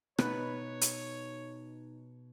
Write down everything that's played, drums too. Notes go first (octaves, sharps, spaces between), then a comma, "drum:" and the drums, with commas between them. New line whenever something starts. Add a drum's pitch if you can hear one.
B2 B3 D#4 B4 C#5, drum: rim click
drum: hi-hat